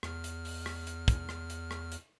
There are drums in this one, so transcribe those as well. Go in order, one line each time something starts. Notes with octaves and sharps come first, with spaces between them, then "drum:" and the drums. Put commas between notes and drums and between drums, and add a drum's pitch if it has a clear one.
E2 F6, drum: rim click
drum: hi-hat
drum: open hi-hat
drum: rim click
drum: hi-hat
drum: kick, hi-hat
drum: rim click
drum: hi-hat
drum: rim click
drum: hi-hat